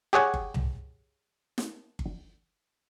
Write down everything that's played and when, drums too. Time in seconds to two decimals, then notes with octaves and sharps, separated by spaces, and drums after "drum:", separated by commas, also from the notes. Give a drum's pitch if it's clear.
0.13 G4 G#4 C#5 F#5 G#5
0.34 drum: kick G1
0.54 drum: tom C2
1.58 drum: snare
1.99 drum: kick G1